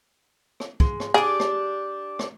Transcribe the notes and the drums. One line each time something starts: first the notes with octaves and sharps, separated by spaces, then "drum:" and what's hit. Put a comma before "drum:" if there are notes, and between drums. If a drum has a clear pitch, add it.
drum: rim click
G#3, drum: kick
drum: rim click
D4 G4 G#4 D5
drum: rim click
drum: rim click